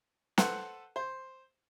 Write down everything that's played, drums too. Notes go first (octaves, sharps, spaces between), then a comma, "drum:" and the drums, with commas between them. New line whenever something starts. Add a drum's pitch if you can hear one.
A4 B4 C5 F#5, drum: snare
C5